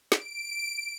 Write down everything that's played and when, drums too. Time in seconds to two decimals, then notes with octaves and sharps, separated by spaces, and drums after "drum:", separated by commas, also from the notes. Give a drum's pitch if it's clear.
0.12 D7, drum: snare